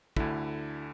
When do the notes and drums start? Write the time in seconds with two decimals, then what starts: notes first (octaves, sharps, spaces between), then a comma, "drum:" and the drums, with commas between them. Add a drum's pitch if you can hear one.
0.17 D2 D3 E4, drum: kick